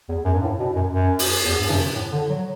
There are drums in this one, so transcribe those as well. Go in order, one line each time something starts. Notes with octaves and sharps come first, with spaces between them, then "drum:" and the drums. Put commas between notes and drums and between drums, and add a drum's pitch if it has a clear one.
E2
F#2
G2
A2
B2
F#2
F#2
drum: open hi-hat
E2
G2
F#2, drum: tom C3
A2
D3
F#3